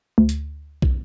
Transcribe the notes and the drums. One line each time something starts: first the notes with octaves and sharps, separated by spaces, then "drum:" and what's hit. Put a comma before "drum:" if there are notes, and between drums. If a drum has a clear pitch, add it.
D2
drum: hi-hat
drum: kick